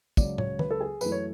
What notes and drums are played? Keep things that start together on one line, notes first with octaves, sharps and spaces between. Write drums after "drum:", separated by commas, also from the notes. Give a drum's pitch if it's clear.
C#2 C#3 F#3 D5, drum: kick, tambourine
C#5, drum: tom
B4, drum: tom
A4
G#4
F#2 E3 A3 B4, drum: tambourine
C#5